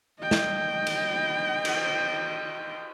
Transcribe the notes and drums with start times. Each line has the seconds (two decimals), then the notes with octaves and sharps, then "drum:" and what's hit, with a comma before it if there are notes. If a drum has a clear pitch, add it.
0.20 D#5 G5
0.31 drum: snare
0.87 drum: cymbal
1.65 drum: cymbal